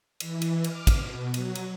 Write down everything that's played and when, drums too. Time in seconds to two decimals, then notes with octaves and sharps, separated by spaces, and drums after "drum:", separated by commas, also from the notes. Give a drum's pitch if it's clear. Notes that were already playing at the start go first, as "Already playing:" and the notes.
0.20 E3, drum: cymbal
0.42 drum: cymbal
0.64 D6 F6, drum: cymbal
0.87 drum: kick, cymbal
1.03 B2
1.34 F#3, drum: cymbal
1.55 drum: cymbal